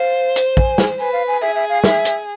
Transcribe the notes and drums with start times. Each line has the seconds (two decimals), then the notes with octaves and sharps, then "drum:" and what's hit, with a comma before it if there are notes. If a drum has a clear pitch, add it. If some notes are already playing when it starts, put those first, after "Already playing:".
Already playing: C5 F5
0.36 drum: hi-hat
0.57 G#5, drum: kick
0.78 drum: snare
1.00 B4 G#5
1.13 F5
1.27 G#5
1.41 G#4 E5
1.55 E5
1.69 F5
1.84 E5, drum: snare
2.05 drum: hi-hat